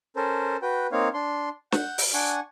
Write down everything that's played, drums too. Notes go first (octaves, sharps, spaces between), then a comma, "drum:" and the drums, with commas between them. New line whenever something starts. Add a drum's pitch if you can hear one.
C#4 A4 A#4 C5
F#4 B4 G5
A#3 C4 D#4 C#5 F5
D4 C6
F#5 G6, drum: snare
drum: open hi-hat
D4 F#5 G#5 C#6